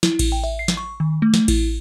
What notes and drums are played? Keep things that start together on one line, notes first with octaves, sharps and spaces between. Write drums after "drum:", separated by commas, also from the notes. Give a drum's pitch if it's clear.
E4, drum: snare
drum: kick A1, cymbal
G5
E5
C7
drum: snare
C#6
D#3
A3
drum: snare
E4, drum: kick A1, cymbal